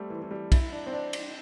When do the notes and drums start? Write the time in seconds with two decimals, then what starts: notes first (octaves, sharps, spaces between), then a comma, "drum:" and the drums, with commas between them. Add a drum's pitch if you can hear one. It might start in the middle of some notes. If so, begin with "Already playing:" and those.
Already playing: G3 A3 C4
0.10 E3
0.22 E3
0.31 G3
0.52 E4, drum: kick, cymbal
0.72 D4
0.86 C4
0.92 D4
1.13 drum: cymbal